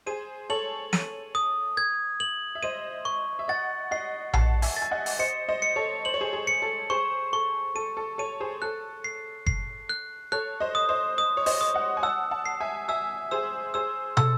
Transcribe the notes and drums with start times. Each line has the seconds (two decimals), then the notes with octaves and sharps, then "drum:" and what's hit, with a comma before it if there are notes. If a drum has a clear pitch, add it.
0.06 G#4 C5 D#7
0.50 A4 C#5 F#7
0.93 D#7, drum: snare
1.35 D#6
1.77 G#6
2.20 F#7
2.55 E5
2.63 C5 D#5 D#7
3.05 C#6
3.39 E5
3.48 D#5 F#5 A6
3.91 D#5 F#5 C7
4.33 F#5 A5 C7, drum: tom A#1
4.62 E5 G#5, drum: open hi-hat
4.76 A6
4.82 G#5
4.91 D#5 F#5
5.06 drum: open hi-hat
5.19 C5 D#5 C#7
5.49 C5 D#5
5.62 C#7
5.76 A4 C#5
6.05 C5 F#7
6.14 C#5
6.21 G#4 C5
6.33 G#4
6.47 C#7
6.62 A4
6.90 G#4 C5 C#6
7.33 A4 C#6
7.75 A4 D#7
7.97 A4
8.18 A4 C#5 D#7
8.40 G#4 C5
8.62 A4 F#6
9.04 C7
9.47 C7, drum: kick F#1
9.89 F#6
10.32 A4 C#5 F#6
10.60 C5 D#5
10.75 D#6
10.89 C5 D#5
11.18 D#6
11.37 C#5
11.46 C5 D#5, drum: open hi-hat
11.61 D#6
11.74 D#5 F#5
11.97 G#5
12.03 F#5 A5 E6
12.31 F#5 A5
12.46 C7
12.60 E5 G#5
12.88 E5 G#5 E6
13.31 G#4 C5 E6
13.74 G#4 C5 E6
14.17 A4 E6, drum: tom